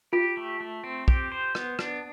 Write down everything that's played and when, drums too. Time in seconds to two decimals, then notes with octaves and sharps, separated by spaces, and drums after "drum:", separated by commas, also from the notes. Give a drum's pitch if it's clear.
0.13 F4 G4
0.37 A3
0.60 A3
0.84 C4
1.08 G4, drum: kick
1.32 C5
1.55 B3, drum: rim click
1.79 D4, drum: rim click